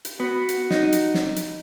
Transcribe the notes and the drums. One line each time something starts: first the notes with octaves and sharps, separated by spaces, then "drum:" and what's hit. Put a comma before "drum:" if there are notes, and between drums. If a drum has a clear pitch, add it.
drum: hi-hat
B3 F#4
drum: hi-hat
D#4, drum: snare
drum: hi-hat
drum: snare
drum: hi-hat